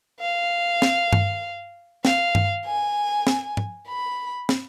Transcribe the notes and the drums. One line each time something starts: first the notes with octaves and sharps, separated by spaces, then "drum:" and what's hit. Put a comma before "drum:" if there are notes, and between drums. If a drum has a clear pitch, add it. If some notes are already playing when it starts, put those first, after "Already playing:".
F5
drum: snare
drum: tom G2
F5, drum: snare
drum: tom G2
G#5
drum: snare
drum: tom G#2
B5
drum: snare